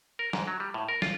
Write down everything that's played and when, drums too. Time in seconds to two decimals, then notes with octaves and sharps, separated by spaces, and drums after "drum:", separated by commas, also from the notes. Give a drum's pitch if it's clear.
0.19 A#4
0.33 G#2, drum: snare
0.48 F#3
0.60 G3
0.74 A2
0.89 A#4
1.02 F4, drum: snare